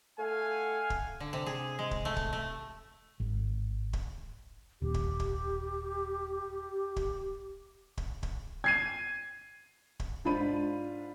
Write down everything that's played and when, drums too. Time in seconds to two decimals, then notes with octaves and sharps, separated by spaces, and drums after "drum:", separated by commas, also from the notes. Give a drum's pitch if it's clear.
0.19 A3 F5 F#5 G#5
0.90 drum: kick
1.20 D3
1.33 C3
1.46 G#4
1.79 G#3
1.91 drum: kick
2.05 A3
2.16 drum: kick
2.33 A3
3.20 G#1
3.93 drum: kick
4.82 D#1 G4
4.94 drum: kick
5.20 drum: kick
6.96 drum: kick
7.97 drum: kick
8.23 drum: kick
8.64 G#6 C7 D#7
10.00 drum: kick
10.25 G#2 D4 F4 C5 B5 D#7